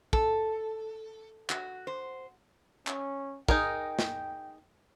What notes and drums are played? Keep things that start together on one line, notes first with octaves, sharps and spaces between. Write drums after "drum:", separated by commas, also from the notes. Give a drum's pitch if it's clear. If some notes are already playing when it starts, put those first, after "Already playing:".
A4, drum: kick
F#4, drum: clap
C5
C#4, drum: clap
D#4 G#4 A#4 G5, drum: kick
drum: snare